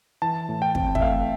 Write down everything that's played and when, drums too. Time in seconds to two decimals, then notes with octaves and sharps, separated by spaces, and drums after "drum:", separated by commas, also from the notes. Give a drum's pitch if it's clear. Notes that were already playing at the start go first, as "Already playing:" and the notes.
0.22 E3 A5
0.49 A2
0.62 G5
0.75 C4, drum: kick
0.95 E5, drum: kick
1.01 A3 F5